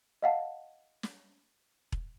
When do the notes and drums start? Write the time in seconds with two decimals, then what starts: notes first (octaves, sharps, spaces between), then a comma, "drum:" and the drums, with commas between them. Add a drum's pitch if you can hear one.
0.23 D#5 F5 F#5 A5
1.03 drum: snare
1.92 drum: kick E1